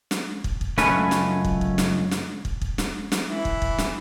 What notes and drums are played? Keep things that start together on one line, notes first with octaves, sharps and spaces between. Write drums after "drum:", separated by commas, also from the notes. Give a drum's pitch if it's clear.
drum: snare
drum: kick
drum: kick
C#2 F#2 A3 C#4 B4 C#5, drum: snare
drum: snare
drum: kick
drum: kick
drum: snare
drum: snare
drum: kick
drum: kick
drum: snare
drum: snare
E3 E4
drum: kick
drum: kick
drum: snare